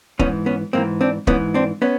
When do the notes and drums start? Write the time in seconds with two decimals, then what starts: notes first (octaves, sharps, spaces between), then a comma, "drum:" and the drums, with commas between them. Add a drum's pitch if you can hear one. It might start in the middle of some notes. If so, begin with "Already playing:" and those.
0.19 G#2 E3 B3 C#4, drum: kick
0.46 B3 C#4
0.73 G#2 E3 A#3 C4
1.01 C4 D4
1.27 G#2 E3 B3 C#4, drum: kick
1.54 C4 D4
1.82 B3 C#4